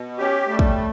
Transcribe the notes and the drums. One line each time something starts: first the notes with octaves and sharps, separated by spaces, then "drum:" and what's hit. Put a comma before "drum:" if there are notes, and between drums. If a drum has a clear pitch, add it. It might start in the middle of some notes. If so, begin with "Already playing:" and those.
Already playing: B2
C#4 G4
G3 A3
drum: kick